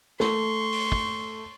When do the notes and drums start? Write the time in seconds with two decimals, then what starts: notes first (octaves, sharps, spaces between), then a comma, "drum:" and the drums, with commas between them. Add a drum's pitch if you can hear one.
0.20 A3 C6 C#6, drum: snare
0.73 drum: open hi-hat
0.92 drum: kick